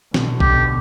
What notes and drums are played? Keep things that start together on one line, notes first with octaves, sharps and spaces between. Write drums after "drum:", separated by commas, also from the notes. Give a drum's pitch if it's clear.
B2 D3, drum: snare
G4, drum: kick A#1